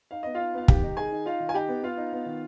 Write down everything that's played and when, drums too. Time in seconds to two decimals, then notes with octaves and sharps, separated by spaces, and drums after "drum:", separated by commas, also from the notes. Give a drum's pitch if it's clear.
0.11 D#4 F5
0.23 B3 D#5
0.35 F4 F5
0.40 D#4
0.54 B3 F5
0.68 D#3 G4 G5, drum: kick
0.83 D#4
0.97 D#3 G#4 G#5
1.12 D#4
1.25 D#4 F4 F5
1.40 D#3
1.49 G#5
1.54 D#4 G4 G5
1.69 B3
1.83 B3 F4 F5
1.97 D#4
2.12 B3
2.26 D#3